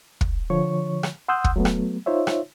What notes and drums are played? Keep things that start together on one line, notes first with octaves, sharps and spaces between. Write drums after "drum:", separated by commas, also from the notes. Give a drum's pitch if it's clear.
drum: kick
D3 F3 C#5 C#6
drum: rim click
F#5 C6 D#6 E6 F#6 G6
drum: kick
F#3 A3 B3
drum: rim click
D#4 F4 C5 C#5 E5
drum: rim click